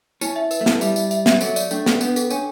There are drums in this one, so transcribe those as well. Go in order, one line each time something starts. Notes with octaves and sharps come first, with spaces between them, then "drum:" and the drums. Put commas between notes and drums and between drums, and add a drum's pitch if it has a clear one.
C#4 E4, drum: tambourine
E5
B4, drum: tambourine
A3
E4, drum: snare
G3 E5, drum: tambourine
E5, drum: tambourine
E5, drum: tambourine
E5, drum: snare
F#3 A4, drum: tambourine
D5, drum: tambourine
A3 D4, drum: tambourine
A4, drum: snare
B3 D4, drum: tambourine
A4, drum: tambourine
C#4 D4, drum: tambourine